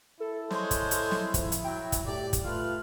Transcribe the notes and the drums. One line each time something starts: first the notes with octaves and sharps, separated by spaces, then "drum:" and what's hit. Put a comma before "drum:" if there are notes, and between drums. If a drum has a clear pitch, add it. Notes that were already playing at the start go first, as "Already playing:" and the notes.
E4 A4
G#3 C5 C#5, drum: snare
drum: kick, hi-hat
drum: hi-hat
drum: snare
F3, drum: kick, hi-hat
drum: hi-hat
F#3 G5
drum: kick, hi-hat
A2 G4 D5
drum: kick, hi-hat
A3 F4 B4 F6